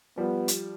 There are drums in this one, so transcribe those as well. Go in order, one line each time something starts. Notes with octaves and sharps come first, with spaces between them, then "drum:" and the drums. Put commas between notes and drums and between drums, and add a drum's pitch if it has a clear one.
F3 G3 B3
drum: hi-hat